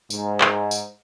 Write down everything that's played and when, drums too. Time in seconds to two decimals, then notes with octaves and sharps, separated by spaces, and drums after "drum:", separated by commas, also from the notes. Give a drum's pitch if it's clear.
0.10 G#2, drum: tambourine
0.41 drum: clap
0.71 drum: tambourine